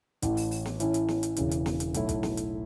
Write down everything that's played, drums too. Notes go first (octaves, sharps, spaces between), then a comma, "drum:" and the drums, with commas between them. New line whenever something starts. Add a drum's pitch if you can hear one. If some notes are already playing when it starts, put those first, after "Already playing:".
A1 A2 E3, drum: kick, hi-hat
drum: open hi-hat
drum: open hi-hat
drum: snare
A2 E3 C#4 E4, drum: hi-hat
drum: hi-hat
drum: snare
drum: hi-hat
E1 E2 C#3 E3, drum: hi-hat
drum: hi-hat
drum: snare
drum: hi-hat
B1 A2 A3 E4, drum: hi-hat
drum: kick, hi-hat
drum: snare
drum: hi-hat